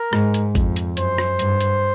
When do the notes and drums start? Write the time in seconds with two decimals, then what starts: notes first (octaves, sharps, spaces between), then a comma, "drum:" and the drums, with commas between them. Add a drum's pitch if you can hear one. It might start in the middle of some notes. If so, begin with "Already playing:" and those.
Already playing: A#4
0.13 G#2, drum: rim click
0.34 drum: hi-hat
0.55 F2, drum: kick G#1, hi-hat
0.76 drum: hi-hat
0.97 F#2 C5, drum: hi-hat
1.18 drum: rim click
1.39 G2, drum: hi-hat
1.61 drum: hi-hat